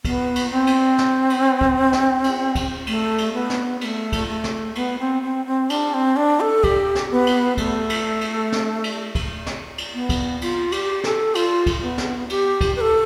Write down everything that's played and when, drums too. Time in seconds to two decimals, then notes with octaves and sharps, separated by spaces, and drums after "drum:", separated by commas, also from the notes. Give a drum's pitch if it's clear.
0.05 B3, drum: kick, cymbal
0.35 drum: cymbal
0.51 C4
0.67 drum: cymbal
0.98 drum: snare
1.30 drum: cymbal
1.61 drum: kick
1.93 drum: snare
2.24 drum: cymbal
2.55 drum: kick, cymbal
2.87 A3, drum: cymbal
3.18 drum: cymbal
3.34 B3
3.50 drum: snare
3.81 B3, drum: cymbal
3.85 A3
4.12 drum: kick, cymbal
4.29 A3
4.44 drum: snare
4.75 B3, drum: cymbal
4.99 C4
5.23 C4
5.46 C4
5.70 D4, drum: cymbal
5.94 C4
6.16 D4
6.40 A4
6.64 G4, drum: kick, cymbal
6.95 drum: snare
7.11 B3
7.27 drum: cymbal
7.57 A3, drum: kick, cymbal
7.89 drum: cymbal
8.21 drum: cymbal
8.52 drum: snare
8.84 drum: cymbal
9.15 drum: kick, cymbal
9.47 drum: snare
9.78 drum: cymbal
9.94 B3
10.09 drum: kick, cymbal
10.41 F4, drum: cymbal
10.72 G4, drum: cymbal
11.04 A4, drum: snare
11.35 F4, drum: cymbal
11.66 drum: kick, cymbal
11.83 B3
11.98 drum: snare
12.30 G4, drum: cymbal
12.61 drum: kick, cymbal
12.76 B4
12.81 A4